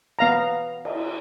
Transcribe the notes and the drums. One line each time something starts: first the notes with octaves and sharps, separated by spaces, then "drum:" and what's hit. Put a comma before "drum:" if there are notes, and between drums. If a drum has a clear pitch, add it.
B3 F5 A#5
drum: cymbal